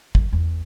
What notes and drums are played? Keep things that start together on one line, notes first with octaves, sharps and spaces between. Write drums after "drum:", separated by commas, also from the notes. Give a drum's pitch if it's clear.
F#2, drum: kick
E2